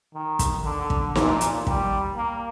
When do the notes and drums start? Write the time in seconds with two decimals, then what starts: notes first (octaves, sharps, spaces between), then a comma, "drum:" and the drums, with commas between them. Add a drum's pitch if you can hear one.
0.14 D#3
0.39 drum: kick, hi-hat
0.65 D3
0.90 drum: kick
1.15 A#2, drum: snare
1.41 drum: hi-hat
1.67 G3, drum: kick
2.16 A#3